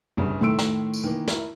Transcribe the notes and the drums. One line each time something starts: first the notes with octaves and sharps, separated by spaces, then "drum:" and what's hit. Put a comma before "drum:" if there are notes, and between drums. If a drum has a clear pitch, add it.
G1 C2 G2 C#3
A2 D#3 A3 C6 E6 D7
drum: snare
drum: tambourine
D#3 E3 A#3
E4 A#4, drum: snare